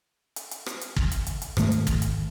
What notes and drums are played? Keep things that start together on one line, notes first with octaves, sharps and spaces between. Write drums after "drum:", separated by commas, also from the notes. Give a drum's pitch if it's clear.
drum: hi-hat
drum: hi-hat
drum: rim click
drum: hi-hat
drum: kick
drum: hi-hat
drum: hi-hat
drum: hi-hat
G#2 D#3 A3, drum: rim click
drum: hi-hat
drum: kick, hi-hat
drum: hi-hat